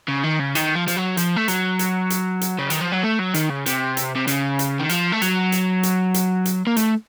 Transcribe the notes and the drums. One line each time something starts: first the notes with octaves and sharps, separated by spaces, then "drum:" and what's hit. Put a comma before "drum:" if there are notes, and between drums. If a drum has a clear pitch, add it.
C#3
D#3
C#3
D#3, drum: hi-hat
F3
F3, drum: hi-hat
F#3
F3, drum: hi-hat
A3
F#3, drum: hi-hat
drum: hi-hat
drum: hi-hat
drum: hi-hat
C#3
D#3, drum: hi-hat
F3
F#3
A3
F#3
D#3, drum: hi-hat
C#3
C3, drum: hi-hat
drum: hi-hat
C3
C#3, drum: hi-hat
drum: hi-hat
D#3
F3, drum: hi-hat
A3
F#3, drum: hi-hat
drum: hi-hat
drum: hi-hat
drum: hi-hat
drum: hi-hat
A#3
A3, drum: hi-hat